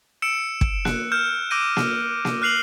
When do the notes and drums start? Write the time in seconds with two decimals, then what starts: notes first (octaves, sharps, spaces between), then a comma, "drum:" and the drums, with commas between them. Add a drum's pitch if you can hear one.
0.22 E6 C#7 D7 E7
0.61 drum: kick
0.85 F#6, drum: snare A#3
1.12 F6 G6 E7
1.51 D6 E6 G6 A#6 D7 D#7
1.77 drum: snare A#3
2.25 drum: snare A#3
2.42 F6 F#6 C7 F7 F#7